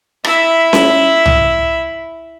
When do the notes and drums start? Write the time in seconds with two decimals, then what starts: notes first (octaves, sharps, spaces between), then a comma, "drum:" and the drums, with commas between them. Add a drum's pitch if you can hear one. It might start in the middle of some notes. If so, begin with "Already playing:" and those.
0.24 E4 E5, drum: rim click
0.73 drum: snare C#4
1.26 drum: tom